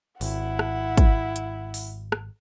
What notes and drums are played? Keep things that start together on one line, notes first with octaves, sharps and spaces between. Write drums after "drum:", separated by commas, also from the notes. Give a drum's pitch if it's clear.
G#1 E4 F#5, drum: open hi-hat
drum: rim click
drum: kick, hi-hat
drum: hi-hat
drum: open hi-hat
drum: rim click